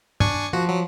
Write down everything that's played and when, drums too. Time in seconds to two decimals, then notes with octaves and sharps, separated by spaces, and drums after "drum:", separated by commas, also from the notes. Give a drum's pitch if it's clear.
0.20 D4 G#5 C#6, drum: tom G2
0.53 F3 F#4
0.69 F#3